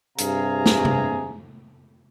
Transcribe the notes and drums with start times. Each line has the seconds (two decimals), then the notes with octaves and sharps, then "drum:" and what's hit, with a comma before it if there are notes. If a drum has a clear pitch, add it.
0.19 G2 C3 G#4 F5 G#5 A#5, drum: hi-hat
0.66 drum: snare
0.85 drum: tom C3